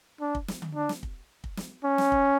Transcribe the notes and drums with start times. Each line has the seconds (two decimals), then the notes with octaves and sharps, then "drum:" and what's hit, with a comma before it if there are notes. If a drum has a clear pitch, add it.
0.21 D4
0.35 drum: kick
0.48 drum: snare
0.62 drum: tom D3
0.75 D4
0.89 drum: snare
1.03 drum: kick
1.44 drum: kick
1.57 drum: snare
1.84 C#4
1.98 drum: snare
2.12 drum: kick